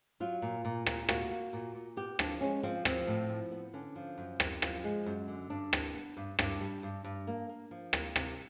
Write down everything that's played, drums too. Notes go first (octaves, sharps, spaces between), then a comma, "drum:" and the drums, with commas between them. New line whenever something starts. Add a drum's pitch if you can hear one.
F#3 F4
A#2
A#2
A#2, drum: rim click
A#3 F#4, drum: rim click
A#3
A#2
A#2
B3 G4
F3 D4, drum: rim click
G#3 C#4
F3 C4
F3 C4, drum: rim click
A2
F3
B3
D3 C#4
F3
F#2
F#2, drum: rim click
F3, drum: rim click
G#3
F#2
D3
G2 D4
B3, drum: rim click
B3
G2
G2 D4, drum: rim click
G3
G2
G2
A#3
A#3
F3
A#3, drum: rim click
C3, drum: rim click